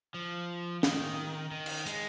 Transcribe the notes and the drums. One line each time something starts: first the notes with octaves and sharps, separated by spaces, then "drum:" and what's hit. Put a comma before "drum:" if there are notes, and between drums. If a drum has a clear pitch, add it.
F3
D#3, drum: snare
D#3
drum: cymbal
G#3, drum: hi-hat